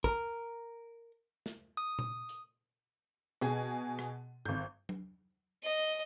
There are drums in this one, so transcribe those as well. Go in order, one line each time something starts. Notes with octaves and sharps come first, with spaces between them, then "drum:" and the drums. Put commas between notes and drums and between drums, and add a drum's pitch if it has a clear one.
A#4, drum: kick
drum: snare
D#6
drum: tom A#2
drum: hi-hat
B2 G#4 G#5, drum: hi-hat
drum: rim click
G#1 G6, drum: tom G2
drum: tom F#3
D#5